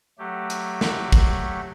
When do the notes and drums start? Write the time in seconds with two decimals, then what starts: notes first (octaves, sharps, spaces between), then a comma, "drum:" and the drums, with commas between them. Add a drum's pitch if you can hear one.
0.19 F#3 A3 G4
0.50 drum: hi-hat
0.81 drum: snare
1.12 drum: kick, hi-hat